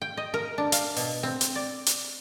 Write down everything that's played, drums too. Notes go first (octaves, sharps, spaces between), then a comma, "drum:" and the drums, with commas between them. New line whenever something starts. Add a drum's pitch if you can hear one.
G5
D#5
A#4
D4
F5, drum: hi-hat
B2, drum: open hi-hat
C4
drum: hi-hat
D5
drum: hi-hat